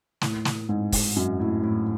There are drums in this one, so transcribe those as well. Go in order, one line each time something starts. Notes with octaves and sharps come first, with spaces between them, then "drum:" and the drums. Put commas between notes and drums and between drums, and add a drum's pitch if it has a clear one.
A2, drum: snare
drum: snare
G#2
drum: kick, open hi-hat
F#2
A2
A2